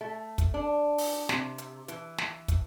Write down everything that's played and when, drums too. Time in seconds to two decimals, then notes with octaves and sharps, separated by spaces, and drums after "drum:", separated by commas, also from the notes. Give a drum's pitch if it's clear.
0.01 A3
0.38 drum: kick, hi-hat
0.54 D4
0.98 drum: open hi-hat
1.29 C3, drum: snare
1.58 drum: hi-hat
1.88 E3, drum: hi-hat
2.18 drum: snare
2.48 drum: kick, hi-hat